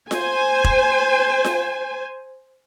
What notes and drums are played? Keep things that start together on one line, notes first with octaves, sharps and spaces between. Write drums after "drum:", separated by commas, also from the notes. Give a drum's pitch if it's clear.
C5 G#5, drum: snare F4
drum: kick F1
drum: snare F4